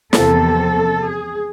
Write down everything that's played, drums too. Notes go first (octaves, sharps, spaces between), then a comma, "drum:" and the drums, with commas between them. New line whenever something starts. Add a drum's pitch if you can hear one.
E2 C3 F3 A#3 A4, drum: snare
G#4